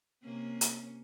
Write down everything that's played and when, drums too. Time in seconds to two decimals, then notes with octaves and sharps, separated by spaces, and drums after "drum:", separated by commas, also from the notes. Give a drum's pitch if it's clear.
0.23 C3 A#3 C#4
0.61 drum: hi-hat